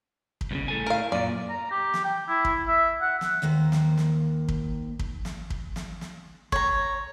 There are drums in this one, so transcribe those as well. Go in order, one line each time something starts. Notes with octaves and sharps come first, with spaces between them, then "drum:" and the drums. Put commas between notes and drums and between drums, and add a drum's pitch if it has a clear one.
drum: kick
C2 A#2 C#3
A2 A4 G#5
A#4 F5
F#2 A#2 D5
A#5
G4
drum: snare
G5
E4
drum: kick
E5
F#5
drum: snare
D#2 D#3 A#3 C5
drum: snare
drum: snare
drum: kick
drum: kick
drum: snare
drum: kick
drum: snare
drum: snare
C#5 A#5, drum: kick